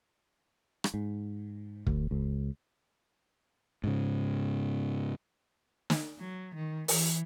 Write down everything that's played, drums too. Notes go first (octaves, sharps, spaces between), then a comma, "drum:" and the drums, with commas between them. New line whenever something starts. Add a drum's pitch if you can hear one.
drum: rim click
G#2
D2, drum: kick
C#2
G#2 C#3
drum: snare
F#3
D#3
E3, drum: open hi-hat